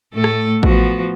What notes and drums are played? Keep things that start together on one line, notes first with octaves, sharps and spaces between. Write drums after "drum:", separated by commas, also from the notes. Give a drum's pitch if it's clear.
A2 A3 A4
drum: rim click
F3 B3 F#4, drum: kick A1